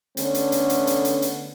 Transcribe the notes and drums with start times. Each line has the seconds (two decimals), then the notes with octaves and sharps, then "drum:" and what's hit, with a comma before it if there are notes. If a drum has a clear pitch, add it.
0.17 D3 A3 B3 C#4, drum: hi-hat
0.35 drum: hi-hat
0.52 drum: hi-hat
0.70 drum: hi-hat
0.87 drum: hi-hat
1.05 drum: hi-hat
1.22 drum: hi-hat